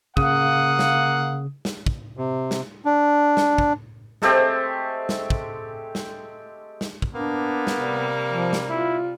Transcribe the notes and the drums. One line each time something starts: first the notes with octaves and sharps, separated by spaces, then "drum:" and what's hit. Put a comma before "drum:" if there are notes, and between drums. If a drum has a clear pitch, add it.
C#3 A#3 F5 F#5 D#6, drum: kick
drum: snare
drum: snare
drum: kick
C3
drum: snare
D4
drum: snare
drum: kick
G#3 A3 C4 G4, drum: snare
drum: snare
drum: kick
drum: snare
drum: snare
drum: kick
A#3 B3 D4
drum: snare
C3 G3
F3
drum: snare
E4 F4